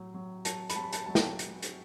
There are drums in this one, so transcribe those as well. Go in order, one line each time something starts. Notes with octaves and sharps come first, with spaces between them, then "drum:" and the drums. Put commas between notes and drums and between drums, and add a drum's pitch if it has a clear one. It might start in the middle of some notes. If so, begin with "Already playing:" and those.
Already playing: A2 F#3
F#3
F#3 A5, drum: hi-hat
B5, drum: hi-hat
F#3 A5
B5
A5, drum: hi-hat
F#3 A5
G5, drum: snare
drum: hi-hat
drum: hi-hat